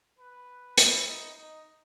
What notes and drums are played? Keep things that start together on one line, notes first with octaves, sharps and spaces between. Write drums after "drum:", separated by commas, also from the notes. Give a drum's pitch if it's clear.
B4
E4, drum: hi-hat
D#4
D#4